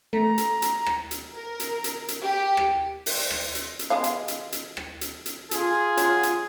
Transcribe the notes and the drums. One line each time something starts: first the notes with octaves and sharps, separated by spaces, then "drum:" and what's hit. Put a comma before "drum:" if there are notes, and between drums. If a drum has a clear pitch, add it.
A3 A#5
drum: hi-hat
drum: hi-hat
drum: rim click
drum: hi-hat
A#4
drum: hi-hat
drum: hi-hat
drum: hi-hat
G4
drum: rim click
drum: open hi-hat
drum: rim click
drum: hi-hat
drum: hi-hat
G#3 B3 F5
drum: hi-hat
drum: hi-hat
drum: hi-hat
drum: rim click
drum: hi-hat
drum: hi-hat
F4 G#4, drum: hi-hat
F#3, drum: hi-hat
drum: hi-hat